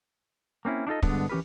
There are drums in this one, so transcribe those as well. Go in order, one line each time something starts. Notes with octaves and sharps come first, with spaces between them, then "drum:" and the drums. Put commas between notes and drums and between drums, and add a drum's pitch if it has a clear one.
A#3 C4 C#4 E4
D4 D#4 F4 A4 D#5
G2 D3 G#3 B3 D4, drum: kick
E3 C#4 G4 A#4 B4